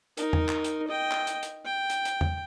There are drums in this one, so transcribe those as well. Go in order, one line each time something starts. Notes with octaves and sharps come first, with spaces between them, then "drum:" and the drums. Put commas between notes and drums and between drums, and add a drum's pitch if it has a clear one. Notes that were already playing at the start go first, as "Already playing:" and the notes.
D#4 A#4, drum: hi-hat
drum: tom E2
drum: clap
drum: hi-hat
D#5 G5
drum: clap
drum: hi-hat
drum: hi-hat
G5
drum: hi-hat
drum: hi-hat
drum: tom E2